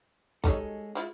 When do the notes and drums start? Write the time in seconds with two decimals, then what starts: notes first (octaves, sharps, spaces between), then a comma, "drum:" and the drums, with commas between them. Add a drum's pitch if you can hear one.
0.44 G3 G#3 C#4 D#4 A4 C#5, drum: kick
0.95 G#3 E4 F4